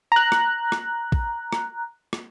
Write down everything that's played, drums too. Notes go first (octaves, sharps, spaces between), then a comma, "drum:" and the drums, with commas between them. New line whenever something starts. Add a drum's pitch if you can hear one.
A#5 F#6
drum: rim click
drum: rim click
drum: kick
drum: rim click
drum: rim click